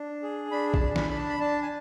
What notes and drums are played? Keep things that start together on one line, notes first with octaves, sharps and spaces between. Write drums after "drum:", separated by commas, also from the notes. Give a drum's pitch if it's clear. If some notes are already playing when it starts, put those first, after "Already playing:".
Already playing: D4
G#4
D4 B5
A5, drum: kick A#1
D4
B5, drum: snare
D4 B5
A5
B5
D4 A5
G#5